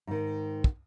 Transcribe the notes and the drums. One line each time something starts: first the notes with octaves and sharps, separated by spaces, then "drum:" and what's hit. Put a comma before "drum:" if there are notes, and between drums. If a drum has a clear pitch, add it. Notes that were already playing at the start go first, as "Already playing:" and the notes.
G#2 D#3
drum: kick